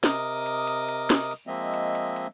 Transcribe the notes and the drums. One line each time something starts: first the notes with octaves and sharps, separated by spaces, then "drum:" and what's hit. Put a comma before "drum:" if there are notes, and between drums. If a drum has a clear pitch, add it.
C3 A#4 D#5 D6 D#6, drum: snare
drum: hi-hat
drum: hi-hat
drum: hi-hat
drum: snare
drum: open hi-hat
F3 G#3 A#3 C4 D#5 E5
drum: hi-hat
drum: hi-hat
drum: hi-hat